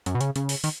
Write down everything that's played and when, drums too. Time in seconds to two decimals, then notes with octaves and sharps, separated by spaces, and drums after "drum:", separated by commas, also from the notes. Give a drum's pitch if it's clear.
0.06 F#2, drum: hi-hat
0.15 B2
0.21 C#3, drum: hi-hat
0.36 C#3, drum: hi-hat
0.49 drum: open hi-hat
0.64 D#3, drum: open hi-hat